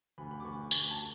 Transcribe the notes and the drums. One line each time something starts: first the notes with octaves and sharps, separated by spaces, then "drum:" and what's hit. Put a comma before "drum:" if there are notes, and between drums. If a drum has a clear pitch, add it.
D2 B5
B5
D6
D2 C#6
D2 C#6, drum: tambourine
A5